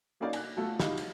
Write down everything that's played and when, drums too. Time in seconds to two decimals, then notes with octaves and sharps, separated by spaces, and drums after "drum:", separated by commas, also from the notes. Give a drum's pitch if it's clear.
0.20 F#3 A#3 C#4 D#4 D5 F5
0.33 G#5 F#6, drum: cymbal
0.57 A3 F4 F#4 A4
0.80 D#4 E4 F#4 G4 F5, drum: snare
0.97 drum: cymbal